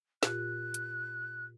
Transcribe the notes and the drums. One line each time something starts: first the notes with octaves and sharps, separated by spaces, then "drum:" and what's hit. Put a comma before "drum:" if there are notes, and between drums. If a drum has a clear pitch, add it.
A#2 F4 G4 F#6, drum: snare
drum: hi-hat